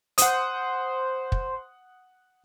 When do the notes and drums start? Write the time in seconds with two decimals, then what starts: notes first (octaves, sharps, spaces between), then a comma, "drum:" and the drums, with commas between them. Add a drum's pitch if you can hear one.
0.18 C5 F#5 D#6, drum: hi-hat
1.32 drum: kick